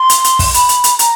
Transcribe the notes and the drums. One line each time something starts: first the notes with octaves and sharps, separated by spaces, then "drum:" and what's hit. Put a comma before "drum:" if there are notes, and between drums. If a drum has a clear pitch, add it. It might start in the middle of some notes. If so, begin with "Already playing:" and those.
Already playing: C6
drum: hi-hat
drum: hi-hat
drum: kick, open hi-hat
B5, drum: hi-hat
drum: hi-hat
drum: hi-hat
A#5, drum: hi-hat